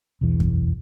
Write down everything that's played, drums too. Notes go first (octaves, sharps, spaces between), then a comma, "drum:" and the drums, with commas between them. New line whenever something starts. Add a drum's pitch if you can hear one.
E1 B1 E2 E3
drum: kick F#2